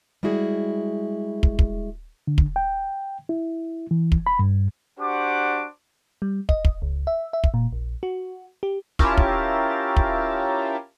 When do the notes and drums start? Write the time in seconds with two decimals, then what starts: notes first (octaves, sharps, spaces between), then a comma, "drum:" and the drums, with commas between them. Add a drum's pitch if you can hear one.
0.23 G3 G#3 E4 F#4 G#4
1.43 drum: kick
1.59 drum: kick
2.27 D3
2.38 drum: kick
2.56 G5
3.29 E4
3.91 E3
4.12 drum: kick
4.27 B5
4.39 G2
4.99 D4 F#4 G4 C5 F#5 D6
6.22 G3
6.49 D#5, drum: kick
6.65 drum: kick
6.82 C#2
7.07 E5
7.33 E5
7.44 drum: kick
7.54 A#2
7.73 A#1
8.03 F#4
8.63 G4
8.99 C#4 E4 F4 G4 A#4 A5, drum: kick
9.17 drum: kick
9.97 drum: kick